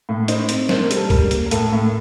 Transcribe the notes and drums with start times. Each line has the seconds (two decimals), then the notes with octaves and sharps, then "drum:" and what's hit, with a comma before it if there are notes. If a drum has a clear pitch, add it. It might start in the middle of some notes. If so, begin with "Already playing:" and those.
0.09 A2
0.28 D#4 C5, drum: hi-hat
0.49 C4, drum: hi-hat
0.69 A#3 C5, drum: snare
0.83 A#4
0.91 G3, drum: hi-hat
0.97 A4
1.10 G3 A#4, drum: kick C2, open hi-hat
1.31 A#3, drum: hi-hat
1.46 A#4
1.51 A2 A4, drum: hi-hat
1.72 A2